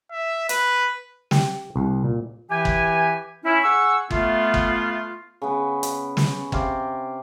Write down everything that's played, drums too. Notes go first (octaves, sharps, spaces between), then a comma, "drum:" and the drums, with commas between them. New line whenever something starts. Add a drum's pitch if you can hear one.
E5
B4, drum: hi-hat
G4, drum: snare
C2
A#2
E3 G4 G#5
drum: kick
C#4 E4
G#4 F#5 C#6 E6
A3 B3 F4, drum: kick
drum: kick
C#3 B3
drum: hi-hat
drum: snare
C3 F5 D6, drum: kick